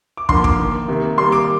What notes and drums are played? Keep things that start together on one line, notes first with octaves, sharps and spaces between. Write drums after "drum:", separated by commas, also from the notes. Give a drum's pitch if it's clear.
D6
D3 F3 A#3 C6, drum: kick
D6, drum: kick
D#3 A#3
C3 D#3 A#3
D#3 G3 A#3 C6
D6